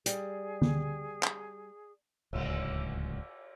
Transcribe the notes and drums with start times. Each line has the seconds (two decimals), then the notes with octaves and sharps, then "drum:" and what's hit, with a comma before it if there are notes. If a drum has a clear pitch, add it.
0.06 G3 G#4, drum: hi-hat
0.62 drum: tom D3
1.23 drum: clap
2.33 D1 C#2, drum: cymbal